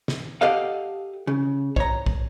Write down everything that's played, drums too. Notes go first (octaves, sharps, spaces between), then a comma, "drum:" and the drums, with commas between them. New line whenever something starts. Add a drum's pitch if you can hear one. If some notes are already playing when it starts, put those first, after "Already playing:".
drum: snare
G4 A4 D#5 F5 F#5
C#3
C#5 A#5, drum: kick
drum: kick